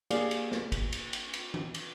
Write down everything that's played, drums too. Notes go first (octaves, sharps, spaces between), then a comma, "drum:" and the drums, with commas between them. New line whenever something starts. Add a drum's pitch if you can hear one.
A#3 G4 G#4 D5 F5, drum: cymbal
drum: cymbal
drum: snare
drum: kick, cymbal
drum: cymbal
drum: cymbal
drum: cymbal
drum: tom D#3
drum: cymbal